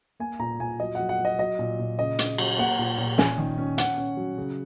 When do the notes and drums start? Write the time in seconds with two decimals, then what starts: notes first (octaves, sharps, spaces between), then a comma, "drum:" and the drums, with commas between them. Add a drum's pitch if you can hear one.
0.20 A#3 G#5
0.40 A#2 A#5
0.60 A#2 G#5
0.80 F#3 D#5
0.95 F#3 F#5
1.09 F#5
1.19 F#3
1.25 D#5
1.39 F#3 D#5
1.59 A#2
1.79 A#2
1.99 C#3 D#5
2.19 C#3, drum: hi-hat
2.38 F#3, drum: cymbal
2.58 A#3 F#5
2.79 A#2
2.98 A#2
3.18 C#4 G#5, drum: snare
3.38 D#3
3.58 C#4
3.78 C#4 F#5, drum: hi-hat
3.98 C#4
4.17 F#3
4.38 C#3